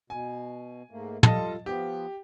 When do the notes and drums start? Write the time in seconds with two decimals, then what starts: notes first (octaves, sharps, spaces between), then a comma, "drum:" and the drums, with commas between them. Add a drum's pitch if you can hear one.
0.10 B2 G#5
0.91 G#2 A3 A#3
1.23 G3 F4 A4 D#5 A5, drum: tom
1.66 F3 B3 G4